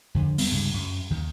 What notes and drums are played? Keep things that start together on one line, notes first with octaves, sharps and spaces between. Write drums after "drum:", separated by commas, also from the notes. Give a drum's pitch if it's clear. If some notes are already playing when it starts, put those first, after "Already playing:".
F2 D3
G3 B3 C4, drum: open hi-hat
C#2 G2 C3
F#2
D#2 D#3